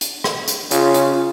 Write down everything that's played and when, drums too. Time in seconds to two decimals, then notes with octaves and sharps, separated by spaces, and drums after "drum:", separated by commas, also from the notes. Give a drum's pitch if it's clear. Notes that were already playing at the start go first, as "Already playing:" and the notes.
0.01 drum: hi-hat
0.24 drum: rim click
0.48 drum: hi-hat
0.71 C#3 F4, drum: hi-hat
0.94 drum: hi-hat